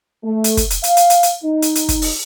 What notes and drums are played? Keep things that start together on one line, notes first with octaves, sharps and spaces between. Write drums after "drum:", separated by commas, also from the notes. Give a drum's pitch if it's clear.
A3
drum: hi-hat
drum: kick, hi-hat
drum: hi-hat
F5, drum: hi-hat
drum: hi-hat
drum: hi-hat
drum: hi-hat
D#4
drum: hi-hat
drum: hi-hat
drum: kick, hi-hat
drum: open hi-hat